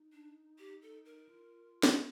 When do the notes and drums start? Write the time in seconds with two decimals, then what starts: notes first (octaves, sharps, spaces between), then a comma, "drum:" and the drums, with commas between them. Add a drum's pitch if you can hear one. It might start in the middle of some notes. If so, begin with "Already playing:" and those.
Already playing: D#4
0.12 D4
0.58 G4
0.82 A4
1.05 A#4
1.29 F4
1.83 drum: snare